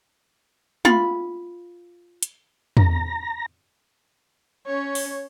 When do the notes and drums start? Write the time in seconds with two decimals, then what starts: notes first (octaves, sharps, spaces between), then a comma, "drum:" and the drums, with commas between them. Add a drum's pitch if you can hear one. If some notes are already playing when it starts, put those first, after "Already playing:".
0.85 F4 B5, drum: tom
2.23 drum: hi-hat
2.77 A#5, drum: tom
4.67 C#4 C#5
4.95 drum: open hi-hat